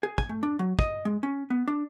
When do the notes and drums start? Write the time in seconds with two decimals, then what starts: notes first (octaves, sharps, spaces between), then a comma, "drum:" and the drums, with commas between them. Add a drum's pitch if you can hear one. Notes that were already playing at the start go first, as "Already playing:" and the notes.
0.03 G#4
0.18 G#5, drum: kick
0.29 A3
0.43 D4
0.59 F#3
0.79 D#5, drum: kick
1.05 G#3
1.23 C#4
1.50 B3
1.68 D4